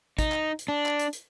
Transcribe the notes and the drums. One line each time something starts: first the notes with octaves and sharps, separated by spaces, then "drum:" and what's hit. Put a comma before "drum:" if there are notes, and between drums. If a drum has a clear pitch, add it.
D#4, drum: kick, hi-hat
drum: clap
drum: hi-hat
D4
drum: clap
drum: hi-hat
drum: hi-hat